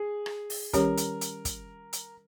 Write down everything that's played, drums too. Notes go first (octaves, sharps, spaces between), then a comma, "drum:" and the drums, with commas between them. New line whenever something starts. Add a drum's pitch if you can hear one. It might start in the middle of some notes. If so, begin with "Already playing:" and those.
Already playing: G#4
drum: rim click
drum: open hi-hat
D#3 G3 C#4 G4 A#4 C#5, drum: kick, hi-hat
drum: hi-hat
drum: hi-hat
drum: kick, hi-hat
drum: hi-hat